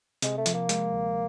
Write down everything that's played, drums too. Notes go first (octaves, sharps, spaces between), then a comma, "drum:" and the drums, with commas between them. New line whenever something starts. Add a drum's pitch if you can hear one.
C3 G#3, drum: hi-hat
A3
F3, drum: hi-hat
A#3
G#3, drum: hi-hat
D2